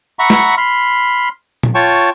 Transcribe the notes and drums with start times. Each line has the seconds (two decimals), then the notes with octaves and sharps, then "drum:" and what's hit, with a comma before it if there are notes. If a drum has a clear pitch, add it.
0.19 E5 F#5 A#5 B5 C#6
0.30 drum: snare
0.57 B5 C6 F6
1.63 drum: tom
1.75 F4 C#5 G5 A5 C#6